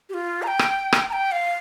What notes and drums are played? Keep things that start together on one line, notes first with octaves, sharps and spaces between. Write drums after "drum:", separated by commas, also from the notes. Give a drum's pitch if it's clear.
G4
F4
A#5
G5
drum: rim click
drum: rim click
A#5
G5
F5